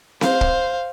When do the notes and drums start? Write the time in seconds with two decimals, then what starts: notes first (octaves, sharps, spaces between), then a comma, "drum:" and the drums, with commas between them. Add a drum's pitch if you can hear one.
0.21 C5 F5, drum: snare C4
0.41 drum: kick